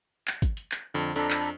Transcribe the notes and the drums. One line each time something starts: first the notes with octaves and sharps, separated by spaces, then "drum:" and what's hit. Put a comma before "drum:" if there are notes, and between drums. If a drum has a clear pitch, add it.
drum: clap
drum: kick, hi-hat
drum: hi-hat
drum: clap
F2 D3
F2 D4 A4 A#5 B5, drum: hi-hat
drum: clap